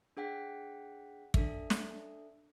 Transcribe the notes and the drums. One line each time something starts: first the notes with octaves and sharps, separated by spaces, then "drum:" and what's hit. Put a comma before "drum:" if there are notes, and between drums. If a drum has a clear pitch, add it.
D4 G#4 F#5 G5 B6
D4 A4 E5, drum: kick
drum: snare